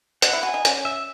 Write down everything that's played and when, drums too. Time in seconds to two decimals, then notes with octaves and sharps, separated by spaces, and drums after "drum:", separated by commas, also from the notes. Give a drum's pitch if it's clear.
0.22 D#4 F#5, drum: hi-hat
0.33 E4
0.43 F#4 G#5
0.54 D#4
0.65 C#4, drum: hi-hat
0.85 E5